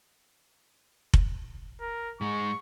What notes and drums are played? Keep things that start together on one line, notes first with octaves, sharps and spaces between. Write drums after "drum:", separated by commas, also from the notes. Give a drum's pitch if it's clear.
drum: kick F1
A#4
G#2 G#3 C#6